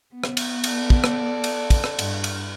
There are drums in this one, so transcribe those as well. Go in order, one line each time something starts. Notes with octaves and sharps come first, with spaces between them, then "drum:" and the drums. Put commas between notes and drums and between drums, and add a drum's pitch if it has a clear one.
B3
drum: rim click
drum: cymbal
A4 D5, drum: cymbal
drum: kick
drum: rim click
drum: cymbal
drum: kick, cymbal
drum: rim click
G2, drum: cymbal
drum: cymbal